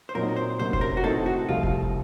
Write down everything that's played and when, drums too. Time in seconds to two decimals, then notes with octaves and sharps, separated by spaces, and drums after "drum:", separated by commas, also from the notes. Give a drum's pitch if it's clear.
0.09 C5
0.15 A#2 F#3 C4 D#4 A#4
0.36 C5
0.59 C3 F#3 A#3 C#4 C5
0.73 C5, drum: kick F1
0.81 A#4
0.97 F#4
1.04 A2 A3 C4 D#4 A4
1.26 F#4
1.49 C2 C3 F3 A3 D#4 F4
1.63 drum: kick F1